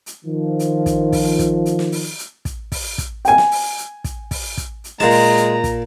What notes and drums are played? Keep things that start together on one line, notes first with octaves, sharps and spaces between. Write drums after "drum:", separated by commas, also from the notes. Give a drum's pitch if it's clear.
drum: hi-hat
D#3 F3
drum: hi-hat
drum: kick, hi-hat
drum: kick, open hi-hat
drum: kick, hi-hat
drum: hi-hat
drum: snare
drum: open hi-hat
drum: hi-hat
drum: kick, hi-hat
drum: kick, open hi-hat
drum: kick, hi-hat
G5 G#5, drum: hi-hat
drum: snare
drum: open hi-hat
drum: hi-hat
drum: kick, hi-hat
drum: kick, open hi-hat
drum: kick, hi-hat
drum: hi-hat
A#2 G#3 A5 A#5, drum: snare
drum: open hi-hat
drum: hi-hat
drum: kick, hi-hat